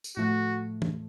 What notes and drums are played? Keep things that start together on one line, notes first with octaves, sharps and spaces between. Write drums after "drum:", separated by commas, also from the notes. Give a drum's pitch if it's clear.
drum: tambourine
A2 F3 A3 F#4
drum: tom